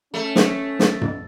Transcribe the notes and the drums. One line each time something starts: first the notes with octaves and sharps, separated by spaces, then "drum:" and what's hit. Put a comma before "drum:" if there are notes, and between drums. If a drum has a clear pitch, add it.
A3 C#4
drum: snare
drum: snare
drum: tom F#2